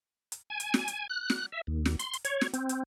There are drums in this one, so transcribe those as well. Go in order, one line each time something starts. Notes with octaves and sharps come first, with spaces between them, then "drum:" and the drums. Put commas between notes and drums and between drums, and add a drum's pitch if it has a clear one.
drum: hi-hat
G#5
drum: hi-hat
drum: snare
drum: hi-hat
F#6
drum: snare
E5
D#2
drum: snare
C6, drum: hi-hat
drum: hi-hat
C#5, drum: hi-hat
drum: snare
C4, drum: hi-hat
drum: hi-hat